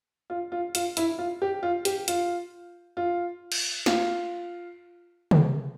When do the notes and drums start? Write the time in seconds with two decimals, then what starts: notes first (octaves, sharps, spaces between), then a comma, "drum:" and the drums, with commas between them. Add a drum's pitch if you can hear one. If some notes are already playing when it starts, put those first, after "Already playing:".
0.30 F4
0.52 F4
0.75 F4, drum: hi-hat
0.97 E4, drum: hi-hat
1.18 F4
1.42 G4
1.63 F4
1.85 G4, drum: hi-hat
2.08 F4, drum: hi-hat
2.97 F4
3.52 drum: cymbal
3.86 F4, drum: snare
5.31 drum: tom